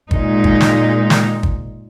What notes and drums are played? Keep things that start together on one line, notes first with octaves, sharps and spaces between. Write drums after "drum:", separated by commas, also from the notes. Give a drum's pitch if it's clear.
A#2 G#3 D#4, drum: kick G1
drum: kick G1
drum: snare
drum: snare
drum: kick G1